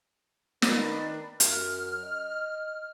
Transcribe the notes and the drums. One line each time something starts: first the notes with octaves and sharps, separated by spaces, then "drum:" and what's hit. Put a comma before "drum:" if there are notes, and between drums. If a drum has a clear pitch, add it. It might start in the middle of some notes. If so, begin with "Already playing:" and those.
D#3 D4 B4, drum: snare
F#2 F6, drum: hi-hat
D#5